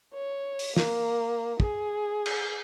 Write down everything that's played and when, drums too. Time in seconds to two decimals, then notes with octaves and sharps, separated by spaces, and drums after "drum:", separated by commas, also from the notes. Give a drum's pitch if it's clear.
0.14 C#5
0.59 drum: open hi-hat
0.76 A#3, drum: snare
1.60 G#4, drum: kick
2.26 drum: cymbal